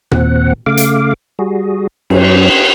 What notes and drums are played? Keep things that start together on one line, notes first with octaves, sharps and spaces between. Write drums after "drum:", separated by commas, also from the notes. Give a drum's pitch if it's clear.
D#2 A#2 C4 F#5, drum: tom A#2
C#3 A3 F5 D6
drum: hi-hat
G3 F#4 G#4
F#2 F#3 C#4, drum: cymbal